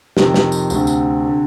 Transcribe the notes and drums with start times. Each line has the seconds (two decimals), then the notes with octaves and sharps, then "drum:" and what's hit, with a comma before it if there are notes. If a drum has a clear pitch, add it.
0.17 F2 C3 D#3 C4, drum: snare
0.34 drum: snare
0.52 drum: tambourine
0.70 D2 D3, drum: tambourine
0.87 drum: tambourine
1.26 D3